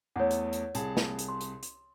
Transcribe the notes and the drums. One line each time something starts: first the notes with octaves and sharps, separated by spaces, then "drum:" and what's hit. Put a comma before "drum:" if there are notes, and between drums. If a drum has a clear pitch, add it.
E2 A3 C#5 F#5
drum: hi-hat
drum: hi-hat
C2 G#4 A5, drum: hi-hat
drum: snare
drum: hi-hat
C6
drum: hi-hat
drum: hi-hat